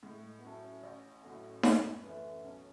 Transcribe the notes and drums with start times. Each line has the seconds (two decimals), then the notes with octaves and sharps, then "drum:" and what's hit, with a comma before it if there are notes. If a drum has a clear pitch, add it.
0.03 A2 G#3
0.15 A3
0.23 G#3
0.39 B3
0.43 F#3 A3 C#4 E4 A4
0.64 C#4
0.83 A1
1.24 A2 F#3 A3
1.63 F#2, drum: snare D#4
2.03 E3 A3 E4 B4
2.43 B1 C#4